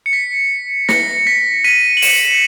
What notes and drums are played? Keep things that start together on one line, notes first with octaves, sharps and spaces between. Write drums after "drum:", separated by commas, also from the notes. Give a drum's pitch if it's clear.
C#7
B6
A#6 C#7, drum: snare
B6
B6 D#7
F#7
C#7 E7, drum: open hi-hat